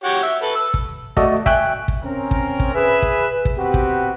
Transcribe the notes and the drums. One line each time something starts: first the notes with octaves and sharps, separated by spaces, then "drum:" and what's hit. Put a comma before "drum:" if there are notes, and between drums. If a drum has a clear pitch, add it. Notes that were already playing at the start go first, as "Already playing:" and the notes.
F#4 G4 C#5
E5
A4 B4
E6
drum: kick
A3 F#4 A4 D5 D#5, drum: kick
E5 G5 G#5 C#6 F#6, drum: kick
drum: kick
C4 C#4 A#4
drum: kick
drum: kick
G#4 B4 E5
drum: kick
drum: kick
B3 C4 F#4 G4 B4
drum: kick